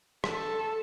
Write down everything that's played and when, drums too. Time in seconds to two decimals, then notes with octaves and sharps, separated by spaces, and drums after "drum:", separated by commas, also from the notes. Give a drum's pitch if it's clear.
0.24 A4, drum: rim click